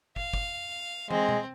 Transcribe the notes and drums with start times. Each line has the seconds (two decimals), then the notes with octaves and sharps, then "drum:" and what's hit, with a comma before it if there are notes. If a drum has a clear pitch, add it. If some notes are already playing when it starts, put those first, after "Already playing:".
0.16 F5, drum: kick
0.33 drum: kick
1.11 G#3 C4, drum: tom
1.29 drum: tom B2